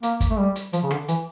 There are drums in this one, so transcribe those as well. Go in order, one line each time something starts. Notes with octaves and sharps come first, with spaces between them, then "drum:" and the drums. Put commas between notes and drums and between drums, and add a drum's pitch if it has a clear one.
A#3, drum: hi-hat
drum: kick, hi-hat
A3
G3
drum: hi-hat
F3, drum: hi-hat
C#3
D3, drum: rim click
E3, drum: hi-hat